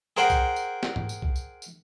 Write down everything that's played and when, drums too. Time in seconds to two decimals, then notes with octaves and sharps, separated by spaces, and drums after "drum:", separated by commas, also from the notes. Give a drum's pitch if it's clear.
0.17 G#4 A#4 C5 F#5 G5
0.30 drum: kick B1, tambourine
0.56 drum: tambourine
0.83 drum: snare
0.96 drum: tom G#2
1.09 drum: tambourine
1.22 drum: kick B1
1.36 drum: tambourine
1.62 drum: tambourine